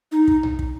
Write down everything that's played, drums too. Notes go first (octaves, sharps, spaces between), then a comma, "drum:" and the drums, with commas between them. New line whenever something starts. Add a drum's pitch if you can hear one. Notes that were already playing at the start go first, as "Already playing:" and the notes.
D#4
drum: kick
drum: tom B1
drum: kick